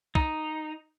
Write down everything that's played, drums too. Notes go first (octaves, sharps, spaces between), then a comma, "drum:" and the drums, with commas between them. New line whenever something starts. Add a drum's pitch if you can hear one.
D#4, drum: kick